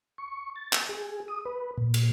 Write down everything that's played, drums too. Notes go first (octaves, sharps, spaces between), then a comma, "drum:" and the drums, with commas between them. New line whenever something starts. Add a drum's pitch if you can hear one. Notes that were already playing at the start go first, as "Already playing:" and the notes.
C#6
A6
drum: clap
G#4
D#6
B4
A#2
drum: cymbal